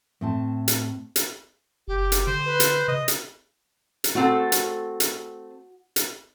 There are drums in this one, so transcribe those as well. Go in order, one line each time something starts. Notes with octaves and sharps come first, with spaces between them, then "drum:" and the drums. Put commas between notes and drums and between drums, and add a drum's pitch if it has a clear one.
A2 C4 A5
drum: hi-hat
drum: hi-hat
F#1 G4
drum: hi-hat
D3 C5
B4
drum: hi-hat
C#3 D#5
drum: hi-hat
drum: hi-hat
A3 C4 F#4 A4
drum: hi-hat
drum: hi-hat
drum: hi-hat